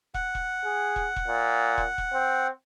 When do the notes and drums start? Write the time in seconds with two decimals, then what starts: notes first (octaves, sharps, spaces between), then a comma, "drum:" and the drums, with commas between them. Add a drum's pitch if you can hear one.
0.14 F#5, drum: kick
0.35 drum: kick
0.64 G#4
0.96 drum: kick
1.16 drum: kick
1.27 A#2
1.78 drum: kick
1.98 drum: kick
2.13 C4